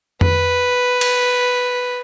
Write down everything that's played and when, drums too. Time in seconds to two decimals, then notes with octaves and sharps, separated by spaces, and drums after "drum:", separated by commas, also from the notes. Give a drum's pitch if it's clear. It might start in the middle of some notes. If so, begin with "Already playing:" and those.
0.21 B4, drum: tom F2
1.01 drum: cymbal